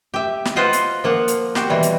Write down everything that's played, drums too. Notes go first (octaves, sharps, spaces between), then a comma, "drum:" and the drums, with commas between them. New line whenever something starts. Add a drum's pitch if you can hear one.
G4 E5
drum: snare
F4 B4 C5 D#5 F5 F#5
drum: hi-hat
F3 A#3 F#5
drum: hi-hat
F#4 G4 C5, drum: snare
B2 E3 G3
drum: hi-hat